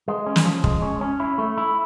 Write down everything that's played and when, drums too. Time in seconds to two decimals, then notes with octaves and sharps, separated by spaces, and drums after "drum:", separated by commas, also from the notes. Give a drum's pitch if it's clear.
0.08 G#3
0.26 C#4
0.36 drum: snare
0.45 F3
0.64 G#3, drum: kick
0.82 C#4
1.01 C#4
1.20 E4
1.38 A3
1.57 E4